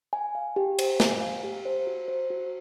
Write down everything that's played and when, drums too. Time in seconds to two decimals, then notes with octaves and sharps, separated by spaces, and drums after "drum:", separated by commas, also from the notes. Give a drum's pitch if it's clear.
0.13 G#5
0.35 F5
0.56 G4
0.79 C5, drum: cymbal
1.00 G#5, drum: snare
1.21 F5
1.44 G4
1.65 C5
1.87 F#4
2.08 C5
2.30 F#4